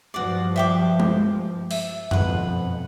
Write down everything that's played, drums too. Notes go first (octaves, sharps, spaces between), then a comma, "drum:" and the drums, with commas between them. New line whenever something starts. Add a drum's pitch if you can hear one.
G2 F3 F#4 D5
E5 G5 D6
drum: tom G#3
E5, drum: open hi-hat
F2 B2 B4 F#5, drum: tom F#2